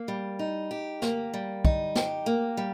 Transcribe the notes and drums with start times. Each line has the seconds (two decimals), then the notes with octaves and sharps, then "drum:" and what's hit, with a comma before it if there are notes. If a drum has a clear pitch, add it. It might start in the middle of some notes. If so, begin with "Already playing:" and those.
Already playing: A#3
0.08 G3
0.39 D#4
0.71 G4
1.02 A#3, drum: snare
1.34 G3
1.65 D#4, drum: kick
1.95 G4, drum: snare
2.26 A#3
2.57 G3